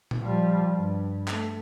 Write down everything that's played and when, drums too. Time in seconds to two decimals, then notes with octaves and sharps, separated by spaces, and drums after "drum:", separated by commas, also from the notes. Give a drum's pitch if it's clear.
0.11 drum: tom A#2
0.20 F3 G3
0.76 G2
1.28 A3, drum: clap